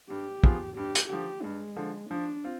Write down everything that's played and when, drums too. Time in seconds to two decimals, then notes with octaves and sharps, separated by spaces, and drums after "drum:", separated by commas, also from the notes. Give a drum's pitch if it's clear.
0.09 G2 G4
0.44 F3 B3 F4 G#4, drum: kick
0.76 G2 G4
0.95 drum: hi-hat
1.09 D3 F3 G4
1.43 G2 G#3
1.76 D3 F3
2.09 F3 D4
2.44 C4 F4